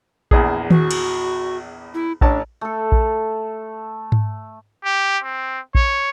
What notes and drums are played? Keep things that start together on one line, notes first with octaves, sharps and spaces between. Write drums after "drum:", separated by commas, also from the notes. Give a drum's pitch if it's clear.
A#1 E2 G#4, drum: kick A#1
F#4, drum: tom D#3
drum: cymbal
E4
A1 D4 C#5 A5, drum: kick A#1
A3 A4
drum: kick A#1
drum: tom G#2
G4
C4
C#5, drum: kick A#1